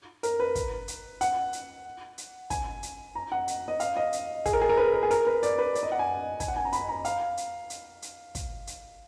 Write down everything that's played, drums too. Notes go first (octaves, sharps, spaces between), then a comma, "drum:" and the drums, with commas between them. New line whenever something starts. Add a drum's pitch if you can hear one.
A#4, drum: hi-hat
B4
drum: kick, hi-hat
drum: hi-hat
F#5, drum: hi-hat
drum: hi-hat
drum: hi-hat
G#5, drum: kick, hi-hat
drum: hi-hat
A#5
F#5
drum: hi-hat
D#5
F5, drum: hi-hat
D#5
drum: hi-hat
G#4, drum: kick, hi-hat
A#4
G#4
A#4
B4
A#4
G#4
A#4, drum: hi-hat
B4
D5, drum: hi-hat
B4
D5, drum: hi-hat
D#5
F#5
G#5
G#5, drum: kick, hi-hat
F#5
G#5
A#5
B5, drum: hi-hat
A#5
F5, drum: hi-hat
drum: hi-hat
drum: hi-hat
drum: hi-hat
drum: kick, hi-hat
drum: hi-hat